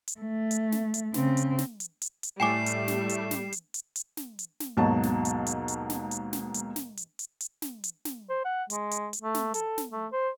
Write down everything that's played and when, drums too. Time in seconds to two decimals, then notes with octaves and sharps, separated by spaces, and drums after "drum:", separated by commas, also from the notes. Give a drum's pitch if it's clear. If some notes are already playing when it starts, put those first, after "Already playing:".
0.08 drum: hi-hat
0.20 A3
0.51 drum: hi-hat
0.72 drum: snare
0.94 drum: hi-hat
1.14 C#3 C4, drum: snare
1.37 drum: hi-hat
1.58 drum: snare
1.80 drum: hi-hat
2.02 drum: hi-hat
2.23 drum: hi-hat
2.40 A2 G3 A3 G5 G#5 D6 C7 E7
2.66 drum: hi-hat
2.88 drum: snare
3.09 drum: hi-hat
3.31 drum: snare
3.52 drum: hi-hat
3.74 drum: hi-hat
3.96 drum: hi-hat
4.17 drum: snare
4.39 drum: hi-hat
4.60 drum: snare
4.77 D#2 G#2 B2 F#3 A5
5.03 drum: snare
5.25 drum: hi-hat
5.46 drum: hi-hat
5.68 drum: hi-hat
5.90 drum: snare
6.11 drum: hi-hat
6.33 drum: snare
6.54 drum: hi-hat
6.76 drum: snare
6.97 drum: hi-hat
7.19 drum: hi-hat
7.40 drum: hi-hat
7.62 drum: snare
7.84 drum: hi-hat
8.05 drum: snare
8.30 C5
8.45 F#5
8.70 G#3, drum: hi-hat
8.91 drum: hi-hat
9.13 drum: hi-hat
9.22 A3
9.35 drum: snare
9.54 A4, drum: hi-hat
9.78 drum: snare
9.92 A3
10.12 C5